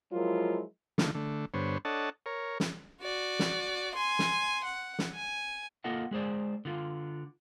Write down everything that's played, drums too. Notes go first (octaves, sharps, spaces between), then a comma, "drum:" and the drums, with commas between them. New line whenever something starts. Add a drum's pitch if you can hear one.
F3 F#3 G#3 E4 F4 A#4
D3 D#3 F3 A3, drum: snare
D3 A3
G2 D3 B3 C5 C#5
D4 A4 C#5 D#5 F#5 A5
A#4 C#5
drum: snare
F#4 D5
drum: snare
G#5 C6
drum: snare
F#5
drum: snare
G#5
A#3 F4 A4 D#5 F#5
G#3 G#4 C5 D5
D3 F4